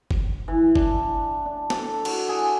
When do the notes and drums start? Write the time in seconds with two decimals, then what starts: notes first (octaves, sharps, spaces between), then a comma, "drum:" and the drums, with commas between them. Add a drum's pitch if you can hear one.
0.11 drum: kick
0.48 E3
0.75 D4, drum: kick
1.46 D4
1.70 A4, drum: snare
2.05 F#4, drum: cymbal
2.29 G#4